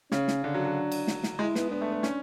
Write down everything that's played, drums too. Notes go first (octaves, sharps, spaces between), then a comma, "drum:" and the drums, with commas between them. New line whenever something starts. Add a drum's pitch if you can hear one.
C#3 C#4, drum: snare
drum: snare
D3 D4
F#3
F#3
drum: cymbal
drum: snare
drum: snare
G#3 E4
B3, drum: snare
B3 D4
A3
B3
C#4, drum: snare